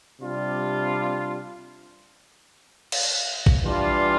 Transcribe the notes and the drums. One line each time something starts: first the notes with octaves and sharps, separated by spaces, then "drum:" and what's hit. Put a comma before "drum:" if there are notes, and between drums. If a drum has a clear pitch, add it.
C3 G3 D4 F4
drum: cymbal
drum: kick A1
E3 G3 D4 F4